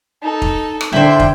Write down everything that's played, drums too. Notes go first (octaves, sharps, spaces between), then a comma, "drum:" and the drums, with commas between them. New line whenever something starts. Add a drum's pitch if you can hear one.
D#4 A4
drum: kick
drum: rim click
D3 E4 C5 G5
drum: kick